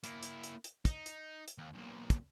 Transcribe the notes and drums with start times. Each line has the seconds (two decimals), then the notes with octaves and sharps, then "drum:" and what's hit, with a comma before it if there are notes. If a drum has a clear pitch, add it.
0.04 A#3 E4, drum: hi-hat
0.23 drum: hi-hat
0.43 drum: hi-hat
0.64 drum: hi-hat
0.85 D#4, drum: kick, hi-hat
1.06 drum: hi-hat
1.48 drum: hi-hat
1.58 D#2
1.74 B1 A#2
2.10 drum: kick, hi-hat